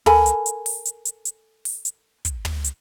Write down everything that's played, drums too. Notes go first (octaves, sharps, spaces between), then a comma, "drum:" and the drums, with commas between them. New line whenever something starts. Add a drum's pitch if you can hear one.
A4 A#4 G#5 B5, drum: tom
drum: hi-hat
drum: hi-hat
drum: open hi-hat
drum: hi-hat
drum: hi-hat
drum: hi-hat
drum: open hi-hat
drum: hi-hat
drum: kick, hi-hat
drum: tom
drum: hi-hat